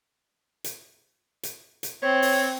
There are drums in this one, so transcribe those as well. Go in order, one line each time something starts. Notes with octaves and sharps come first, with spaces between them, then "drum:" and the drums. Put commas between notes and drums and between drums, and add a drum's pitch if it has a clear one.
drum: hi-hat
drum: hi-hat
drum: hi-hat
C4 C#5
drum: open hi-hat